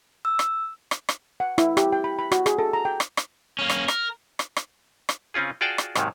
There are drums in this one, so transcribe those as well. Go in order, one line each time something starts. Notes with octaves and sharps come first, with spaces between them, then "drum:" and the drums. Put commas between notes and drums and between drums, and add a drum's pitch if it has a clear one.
E6
drum: rim click
drum: rim click
drum: rim click
F#5
E4, drum: rim click
G4, drum: rim click
G5
B5
B5
F#4, drum: rim click
G#4, drum: rim click
A4
A#5
G5
drum: rim click
drum: rim click
A#3 C#4
drum: rim click
A#4, drum: rim click
drum: rim click
drum: rim click
drum: rim click
C#3 C4 C#4 F4 G#4
F4 F#4 G#4 D5 G5 A5
drum: rim click
D#2 G#2 C3 D#3 F#3, drum: rim click